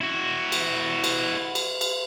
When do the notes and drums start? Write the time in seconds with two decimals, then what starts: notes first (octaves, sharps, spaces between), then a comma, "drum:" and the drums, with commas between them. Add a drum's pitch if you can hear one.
0.01 E4 F#4
0.52 drum: cymbal
1.04 drum: cymbal
1.55 drum: cymbal
1.81 drum: cymbal